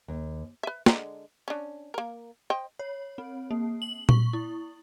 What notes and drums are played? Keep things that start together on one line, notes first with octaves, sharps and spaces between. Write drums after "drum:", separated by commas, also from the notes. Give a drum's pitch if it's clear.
D#2
B4 E5
D3 G#3 A#5, drum: snare
C#4 D4
A#3 A#4
C5 D#5 G5
C#5
C4
A#3
F#7
C#6, drum: tom A#2
E4